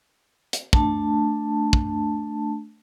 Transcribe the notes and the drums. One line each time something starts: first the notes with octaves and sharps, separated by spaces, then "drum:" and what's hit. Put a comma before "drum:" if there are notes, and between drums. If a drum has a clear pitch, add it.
drum: hi-hat
A3 D4 A5, drum: kick
drum: kick